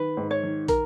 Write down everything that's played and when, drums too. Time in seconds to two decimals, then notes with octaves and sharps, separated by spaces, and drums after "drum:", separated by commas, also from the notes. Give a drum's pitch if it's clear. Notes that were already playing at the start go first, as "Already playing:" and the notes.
Already playing: D#3 B4
0.17 G#2
0.31 C#5
0.43 D#3
0.68 A#4, drum: kick, hi-hat